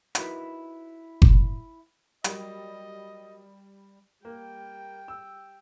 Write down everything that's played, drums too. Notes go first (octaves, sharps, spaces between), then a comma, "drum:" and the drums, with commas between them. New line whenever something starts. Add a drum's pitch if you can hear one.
D#4 E4 F#4 A#4 B4, drum: hi-hat
drum: kick F#1
F#3 G3 A#3 D#5, drum: hi-hat
G3 A#3 G5
E6